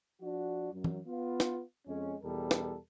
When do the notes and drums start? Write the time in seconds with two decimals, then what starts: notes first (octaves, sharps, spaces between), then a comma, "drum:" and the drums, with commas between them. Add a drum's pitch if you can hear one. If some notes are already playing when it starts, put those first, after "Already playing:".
0.21 F3 D4 F#4
0.72 F#2 F#3
0.84 drum: tom
1.06 B3 F4
1.40 drum: snare
1.87 F2 G#3 C#4
2.23 E2 B2 G3 A4 A#4
2.51 drum: snare